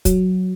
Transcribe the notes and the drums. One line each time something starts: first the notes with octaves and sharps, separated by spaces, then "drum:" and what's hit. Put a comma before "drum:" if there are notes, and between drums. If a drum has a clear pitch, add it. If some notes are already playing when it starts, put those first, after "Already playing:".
F#3, drum: kick, hi-hat